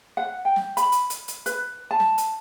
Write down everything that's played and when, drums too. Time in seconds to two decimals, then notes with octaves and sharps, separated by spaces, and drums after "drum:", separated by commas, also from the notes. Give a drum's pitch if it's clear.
0.17 F#5
0.45 G5
0.56 drum: snare
0.77 B5, drum: hi-hat
0.92 drum: hi-hat
1.10 drum: hi-hat
1.28 drum: hi-hat
1.46 B4, drum: hi-hat
1.91 A5
2.00 drum: snare
2.18 drum: hi-hat